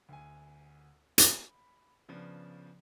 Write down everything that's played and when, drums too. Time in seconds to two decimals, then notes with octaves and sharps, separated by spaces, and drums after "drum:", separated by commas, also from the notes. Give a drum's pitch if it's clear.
0.09 D2 G#5
1.18 B5, drum: hi-hat
2.09 C#3 F3 B3 D4